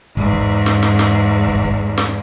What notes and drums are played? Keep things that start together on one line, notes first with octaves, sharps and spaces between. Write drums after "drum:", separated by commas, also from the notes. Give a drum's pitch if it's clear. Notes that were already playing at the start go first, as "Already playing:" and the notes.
E2 G#2, drum: kick
drum: kick
drum: snare
drum: snare
drum: snare
drum: kick
drum: kick
drum: snare